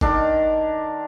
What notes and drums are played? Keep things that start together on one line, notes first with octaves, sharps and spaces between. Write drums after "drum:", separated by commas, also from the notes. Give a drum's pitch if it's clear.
D#3 D4 A#4, drum: kick G1